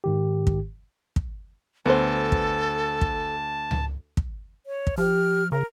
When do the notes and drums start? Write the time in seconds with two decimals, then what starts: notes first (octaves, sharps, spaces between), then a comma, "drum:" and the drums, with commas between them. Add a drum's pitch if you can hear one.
0.04 G#2 D#3 G4
0.47 drum: kick
1.16 drum: kick
1.86 D2 B3 A4 B4 C5 A5
2.32 drum: kick
3.01 drum: kick
3.71 drum: tom C#2
4.17 drum: kick
4.66 C#5
4.87 drum: kick
4.98 F3 G4 F6
5.52 C#3 A#4